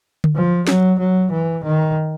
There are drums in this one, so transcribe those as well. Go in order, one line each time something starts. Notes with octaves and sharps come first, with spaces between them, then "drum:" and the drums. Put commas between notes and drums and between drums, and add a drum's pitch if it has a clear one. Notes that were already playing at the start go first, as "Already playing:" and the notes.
drum: tom D3
F3
F#3, drum: snare
F#3
E3
D#3